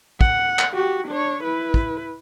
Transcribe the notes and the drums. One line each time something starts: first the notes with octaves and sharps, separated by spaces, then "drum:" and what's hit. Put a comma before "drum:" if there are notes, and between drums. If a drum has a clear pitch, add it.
F#5, drum: kick
drum: clap
F#4 G4
D4 C#5
E4 B4
drum: kick